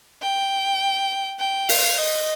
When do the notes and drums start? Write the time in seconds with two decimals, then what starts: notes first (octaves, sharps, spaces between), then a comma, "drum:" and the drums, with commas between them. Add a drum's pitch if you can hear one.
0.22 G5
1.40 G5
1.69 F5, drum: open hi-hat
1.98 D#5